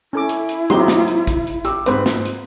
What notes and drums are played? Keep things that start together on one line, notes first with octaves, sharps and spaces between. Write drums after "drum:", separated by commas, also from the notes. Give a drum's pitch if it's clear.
C#4 E4 A4 D6
drum: hi-hat
drum: hi-hat
F#3 G#3 C4 D#4 G4 C6, drum: hi-hat
drum: snare
drum: hi-hat
drum: kick A#1, hi-hat
drum: hi-hat
G4 E6, drum: hi-hat
G#2 C4 B4, drum: hi-hat
drum: snare
drum: hi-hat